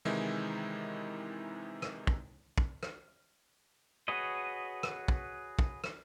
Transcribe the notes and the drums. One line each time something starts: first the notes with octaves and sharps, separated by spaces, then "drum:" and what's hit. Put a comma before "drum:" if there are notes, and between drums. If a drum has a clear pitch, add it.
C3 D#3 E3 G#3 D#4 E4
drum: rim click
drum: kick
drum: kick
drum: rim click
F#4 G#4 B4 C#5 D#5
drum: rim click
drum: kick
drum: kick
drum: rim click